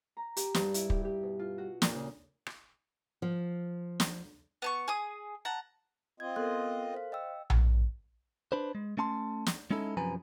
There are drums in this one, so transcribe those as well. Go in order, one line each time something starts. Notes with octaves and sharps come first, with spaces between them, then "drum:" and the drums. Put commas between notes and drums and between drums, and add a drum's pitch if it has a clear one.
A#5
G4, drum: hi-hat
G2, drum: snare
E4, drum: hi-hat
G4, drum: kick
G4
B2
F4
F#4
A#2, drum: snare
C#3
drum: rim click
F3
drum: snare
B3 A5 C#6
G#4 D#6
F#5 A5 A#5
C4 F4 D#5 G#6
B3 A4 A#4 C6 F#6
C5 F5
D#5 G5 E6
drum: tom A#1
D4 B4 C5
G#3
A3 C#4 A5 C6
drum: snare
G#3 C#4 D#4 E4 A4
F#2 C3 F3 B4 G#5 A#5